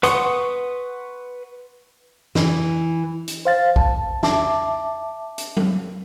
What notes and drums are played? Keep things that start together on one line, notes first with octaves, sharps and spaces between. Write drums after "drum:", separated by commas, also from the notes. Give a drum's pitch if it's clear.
B4 F#5 C6 C#6 D#6, drum: hi-hat
E3, drum: snare
drum: hi-hat
C5 F5 A6
A5, drum: kick
E5 A5 D6, drum: snare
drum: hi-hat
drum: tom F#3